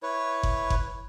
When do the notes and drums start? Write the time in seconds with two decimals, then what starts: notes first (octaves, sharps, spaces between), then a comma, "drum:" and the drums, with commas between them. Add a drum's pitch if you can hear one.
0.03 E4 B4 C#5
0.43 drum: kick F#1
0.70 drum: kick F#1